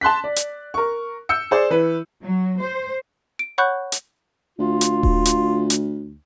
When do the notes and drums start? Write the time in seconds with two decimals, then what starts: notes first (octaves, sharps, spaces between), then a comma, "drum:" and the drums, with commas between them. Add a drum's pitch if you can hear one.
0.01 A5 C6 F#6 B6
0.24 D5
0.36 drum: hi-hat
0.74 A#4 C#6
1.29 E6 G6 C#7
1.51 G#4 C5 D5
1.70 E3 B4
2.22 F#3
2.60 C5
3.39 D7
3.58 C#5 F#5 B5 C#6 F#6 G6
3.92 drum: hi-hat
4.59 D2 F4
4.81 drum: hi-hat
5.03 drum: kick D#1
5.25 drum: hi-hat
5.70 drum: hi-hat